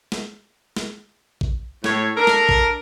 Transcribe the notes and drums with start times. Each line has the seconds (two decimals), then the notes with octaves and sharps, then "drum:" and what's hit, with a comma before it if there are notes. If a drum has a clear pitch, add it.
0.12 drum: snare
0.77 drum: snare
1.41 drum: kick
1.84 A2 C#5, drum: snare
2.16 D4 A4 A#4
2.27 drum: snare
2.49 drum: kick